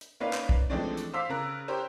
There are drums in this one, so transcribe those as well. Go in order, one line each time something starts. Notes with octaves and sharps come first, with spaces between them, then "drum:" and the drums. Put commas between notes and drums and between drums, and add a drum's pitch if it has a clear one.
drum: hi-hat
A#3 C#4 D#4 B4 D5 F5
drum: clap
drum: kick
E3 F3 G#3 A3 C4 D4
drum: hi-hat
C5 F5 D6 E6 B6
C#3 A#4 F#6
G4 A#4 C5 C#5